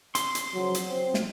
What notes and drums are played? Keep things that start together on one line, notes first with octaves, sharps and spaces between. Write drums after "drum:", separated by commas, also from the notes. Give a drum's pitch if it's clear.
C6, drum: hi-hat
drum: hi-hat
C#3 F3 F#3
drum: hi-hat
C4
drum: snare